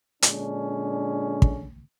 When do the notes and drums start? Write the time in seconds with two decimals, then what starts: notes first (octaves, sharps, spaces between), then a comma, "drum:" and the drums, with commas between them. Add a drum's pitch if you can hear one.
0.22 A#2 D3 G#3 C#4 D4, drum: hi-hat
1.42 drum: kick